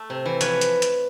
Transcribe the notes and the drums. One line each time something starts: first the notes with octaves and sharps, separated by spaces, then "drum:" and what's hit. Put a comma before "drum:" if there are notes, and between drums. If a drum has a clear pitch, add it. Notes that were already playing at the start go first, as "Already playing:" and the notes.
Already playing: A3
C3
E3
F3 B4 C#5, drum: hi-hat
drum: hi-hat
drum: hi-hat